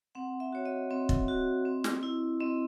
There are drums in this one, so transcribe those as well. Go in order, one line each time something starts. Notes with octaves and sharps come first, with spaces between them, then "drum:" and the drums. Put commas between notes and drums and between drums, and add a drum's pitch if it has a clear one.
C4 F#5
E5
F#4 C#5
D#5
C4 D#5
drum: kick
F#4
C4
drum: snare
E4
C4 D#5